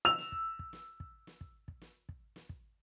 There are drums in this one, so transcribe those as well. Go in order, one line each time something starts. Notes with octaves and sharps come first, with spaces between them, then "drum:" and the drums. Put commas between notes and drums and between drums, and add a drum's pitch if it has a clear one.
E6 F7
drum: snare
drum: kick
drum: kick
drum: snare
drum: kick
drum: snare
drum: kick
drum: kick
drum: snare
drum: kick
drum: snare
drum: kick